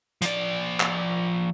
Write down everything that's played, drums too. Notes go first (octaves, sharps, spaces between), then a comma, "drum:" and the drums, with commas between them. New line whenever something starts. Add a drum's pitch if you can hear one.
F3 D5, drum: hi-hat
drum: clap